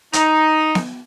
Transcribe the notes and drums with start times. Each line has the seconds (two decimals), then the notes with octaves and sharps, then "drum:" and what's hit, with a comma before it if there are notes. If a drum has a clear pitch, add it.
0.13 D#4, drum: hi-hat
0.75 drum: snare B3